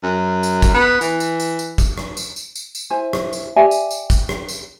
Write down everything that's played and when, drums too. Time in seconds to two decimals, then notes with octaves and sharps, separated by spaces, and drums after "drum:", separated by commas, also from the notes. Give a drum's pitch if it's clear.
0.03 F#2
0.43 drum: tambourine
0.62 drum: kick, tambourine
0.74 B3
1.01 E3, drum: tambourine
1.20 drum: tambourine
1.40 drum: tambourine
1.59 drum: tambourine
1.78 drum: kick, tambourine
1.98 drum: rim click
2.17 drum: tambourine
2.36 drum: tambourine
2.55 drum: tambourine
2.75 drum: tambourine
2.90 E4 C5 G#5
3.13 drum: rim click
3.33 drum: tambourine
3.56 G4 D5 E5 G#5
3.71 drum: tambourine
3.91 drum: tambourine
4.10 drum: kick, tambourine
4.29 drum: rim click
4.48 drum: tambourine